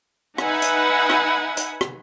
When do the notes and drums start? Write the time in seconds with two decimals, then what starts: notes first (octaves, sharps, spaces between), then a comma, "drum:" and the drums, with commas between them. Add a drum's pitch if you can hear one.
0.38 D#4 B4 E5 F#5 G#5, drum: rim click
0.62 drum: hi-hat
1.10 drum: rim click
1.57 drum: hi-hat
1.81 drum: rim click